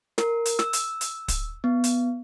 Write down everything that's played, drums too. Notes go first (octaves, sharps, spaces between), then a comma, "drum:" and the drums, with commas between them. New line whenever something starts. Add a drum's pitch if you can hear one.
A#4, drum: snare
drum: hi-hat
E6, drum: snare
drum: hi-hat
drum: hi-hat
drum: kick, hi-hat
B3
drum: hi-hat